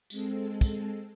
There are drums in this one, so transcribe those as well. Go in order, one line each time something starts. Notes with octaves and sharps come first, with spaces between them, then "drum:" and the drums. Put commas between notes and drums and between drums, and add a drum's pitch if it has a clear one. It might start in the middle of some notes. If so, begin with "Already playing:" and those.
G#3 C4 A4, drum: tambourine
drum: kick, tambourine